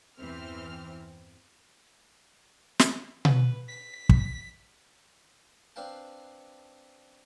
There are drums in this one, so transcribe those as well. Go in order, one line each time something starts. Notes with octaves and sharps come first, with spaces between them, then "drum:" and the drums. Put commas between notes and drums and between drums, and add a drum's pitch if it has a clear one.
E2 G2 E3 C4 F6
drum: snare
B4, drum: tom B2
B6
drum: kick
C4 D4 B4 F5 G5 A5